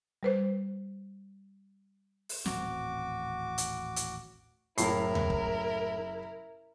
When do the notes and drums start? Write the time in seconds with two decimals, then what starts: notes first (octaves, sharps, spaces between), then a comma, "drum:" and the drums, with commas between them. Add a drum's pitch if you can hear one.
0.23 G3 B4 C5
2.29 drum: open hi-hat
2.45 D#1 A1 C4 F#4 D6, drum: snare
3.58 drum: hi-hat
3.96 drum: hi-hat
4.78 F#1 A2 E4 A#4 C7, drum: hi-hat
5.15 drum: tom D#2
5.30 drum: kick